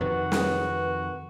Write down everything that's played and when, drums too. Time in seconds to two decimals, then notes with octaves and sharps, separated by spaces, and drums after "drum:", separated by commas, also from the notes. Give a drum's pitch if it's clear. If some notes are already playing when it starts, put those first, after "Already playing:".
0.01 F2 C3 D#3 F#4 B4
0.32 drum: snare